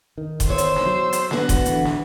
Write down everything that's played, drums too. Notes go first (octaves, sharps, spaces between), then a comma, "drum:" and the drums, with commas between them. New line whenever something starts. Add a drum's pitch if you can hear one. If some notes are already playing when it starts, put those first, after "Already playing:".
D#3
drum: kick D#1, hi-hat
E2 C5 C#5 E6
drum: hi-hat
drum: snare
F#3
drum: hi-hat
D3 B3 F#4, drum: snare
drum: kick D#1, hi-hat
A2 D3 E3, drum: hi-hat
drum: snare